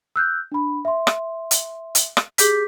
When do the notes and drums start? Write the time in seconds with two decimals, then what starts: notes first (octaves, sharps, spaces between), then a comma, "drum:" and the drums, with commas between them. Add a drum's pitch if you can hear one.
0.16 E6 F#6 G6
0.52 D4 B5
0.85 E5 C6
1.07 drum: rim click
1.51 drum: hi-hat
1.95 drum: hi-hat
2.17 drum: rim click
2.38 G4 G#4 D6 G6 B6, drum: hi-hat